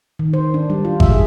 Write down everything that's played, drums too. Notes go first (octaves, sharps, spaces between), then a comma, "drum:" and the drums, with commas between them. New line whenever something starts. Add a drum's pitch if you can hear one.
D#3
C5
D4
G3
F4
E5, drum: kick G#1
G#4